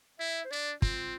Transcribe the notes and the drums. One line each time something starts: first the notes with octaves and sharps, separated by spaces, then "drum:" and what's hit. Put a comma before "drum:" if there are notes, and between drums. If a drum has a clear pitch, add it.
E4 E5
C5
D4 D5
C4 F4, drum: kick